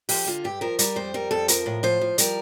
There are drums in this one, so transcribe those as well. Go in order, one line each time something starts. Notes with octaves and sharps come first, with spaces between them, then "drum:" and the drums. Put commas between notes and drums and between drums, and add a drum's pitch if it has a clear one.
F3 G4, drum: open hi-hat
D3 F4
G2 G4
F3 A#4
G3 A#4, drum: hi-hat
F2 C5
G3 A#4
F2 A4
F3 A#4, drum: hi-hat
A2
F3 C5
F3
G3 A#4, drum: hi-hat